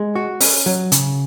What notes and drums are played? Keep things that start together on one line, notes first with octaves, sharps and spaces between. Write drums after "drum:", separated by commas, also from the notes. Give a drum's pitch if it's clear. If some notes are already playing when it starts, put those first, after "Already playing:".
Already playing: G#3
F#4
C#4, drum: open hi-hat
F#3
C#3, drum: hi-hat